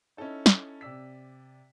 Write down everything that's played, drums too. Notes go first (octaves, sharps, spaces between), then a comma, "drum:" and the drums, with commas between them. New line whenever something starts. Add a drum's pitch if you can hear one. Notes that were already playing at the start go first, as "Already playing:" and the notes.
C#4 D#4 E4 A4 C#5
drum: snare
C3 D5 E6 B6